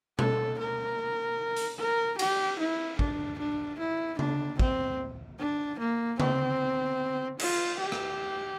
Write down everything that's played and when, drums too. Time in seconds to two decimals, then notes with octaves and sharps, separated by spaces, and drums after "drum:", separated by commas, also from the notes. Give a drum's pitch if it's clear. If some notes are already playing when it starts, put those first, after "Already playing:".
0.19 A4, drum: tom B2
0.59 A#4
1.57 drum: hi-hat
1.79 A#4
2.19 G4, drum: cymbal
2.59 E4
2.99 D4, drum: kick
3.39 D4
3.79 E4
4.19 D4, drum: tom C#3
4.59 C4, drum: kick
5.39 D4
5.79 A#3
6.20 C4, drum: tom C#3
7.39 F4, drum: cymbal
7.79 G4
7.92 drum: rim click